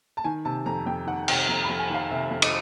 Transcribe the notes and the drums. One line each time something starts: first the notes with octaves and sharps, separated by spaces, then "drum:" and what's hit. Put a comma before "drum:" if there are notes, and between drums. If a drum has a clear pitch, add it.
A5
D#3 G#5
C3 A5
F2 A#5
F2 G5
D#3 F#5
C3 G5, drum: cymbal
F2 A#5
B5
F2
G#5
D#3 F5
C3 E5
F2
D#5, drum: cymbal